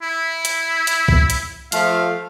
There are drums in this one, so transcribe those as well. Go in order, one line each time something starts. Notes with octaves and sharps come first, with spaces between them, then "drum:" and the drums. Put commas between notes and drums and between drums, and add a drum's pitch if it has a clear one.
E4
drum: hi-hat
drum: hi-hat
drum: kick
drum: hi-hat
F3 A3 F5, drum: hi-hat